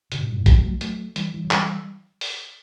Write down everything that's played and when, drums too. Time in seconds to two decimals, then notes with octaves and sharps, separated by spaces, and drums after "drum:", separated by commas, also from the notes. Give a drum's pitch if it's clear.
0.12 B2 D3, drum: hi-hat
0.20 A2 C3
0.29 G2 B2
0.37 F#2 A2
0.46 E3 G3, drum: kick A#1, hi-hat
0.64 F#3 A3
0.81 F#3 A3, drum: hi-hat
1.16 E3 G3, drum: hi-hat
1.34 E3 G3
1.45 F#3
1.51 E3 G3, drum: clap
2.21 drum: open hi-hat